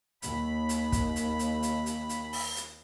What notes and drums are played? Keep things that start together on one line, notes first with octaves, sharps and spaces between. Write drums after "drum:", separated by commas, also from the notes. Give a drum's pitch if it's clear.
D#2 B5, drum: hi-hat
drum: hi-hat
drum: kick, hi-hat
drum: hi-hat
drum: hi-hat
drum: hi-hat
drum: hi-hat
drum: hi-hat
drum: open hi-hat
drum: hi-hat